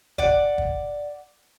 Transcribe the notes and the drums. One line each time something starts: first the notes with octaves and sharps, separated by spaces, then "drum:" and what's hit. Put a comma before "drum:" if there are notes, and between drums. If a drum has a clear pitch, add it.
D5 F#5, drum: kick
drum: kick